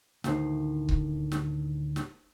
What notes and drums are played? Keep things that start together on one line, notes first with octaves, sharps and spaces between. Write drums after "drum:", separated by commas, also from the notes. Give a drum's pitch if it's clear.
D2 A2 D#3 C5, drum: snare
drum: kick C#1
drum: snare
drum: snare